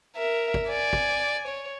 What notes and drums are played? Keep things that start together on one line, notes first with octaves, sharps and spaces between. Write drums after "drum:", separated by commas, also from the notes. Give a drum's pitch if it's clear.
A#4 E5
drum: kick
D5 G#5
drum: kick
C#5